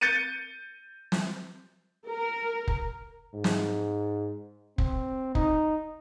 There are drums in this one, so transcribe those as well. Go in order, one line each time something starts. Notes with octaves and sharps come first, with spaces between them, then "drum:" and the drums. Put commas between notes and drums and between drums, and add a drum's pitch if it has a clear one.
G6 A6 C#7 D#7
drum: snare
A#4
drum: kick
G#2
drum: snare
C4, drum: kick
D#4, drum: kick